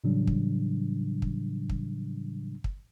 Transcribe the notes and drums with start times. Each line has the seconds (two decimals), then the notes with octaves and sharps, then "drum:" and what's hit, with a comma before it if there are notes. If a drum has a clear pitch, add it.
0.04 A2 C#3 E3 F#3 G3 D4
0.27 drum: kick
1.22 drum: kick
1.70 drum: kick
2.64 drum: kick